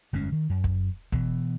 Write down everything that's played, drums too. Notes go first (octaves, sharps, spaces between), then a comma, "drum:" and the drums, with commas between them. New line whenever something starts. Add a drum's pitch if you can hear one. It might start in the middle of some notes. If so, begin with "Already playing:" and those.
G1 F2 G#3 C#4
D#3
F#2
drum: kick
B2 E3, drum: kick